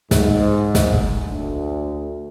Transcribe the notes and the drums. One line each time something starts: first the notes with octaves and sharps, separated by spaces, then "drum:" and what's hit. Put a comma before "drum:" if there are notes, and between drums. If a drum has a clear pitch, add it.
G#2, drum: snare
drum: snare
drum: kick
D2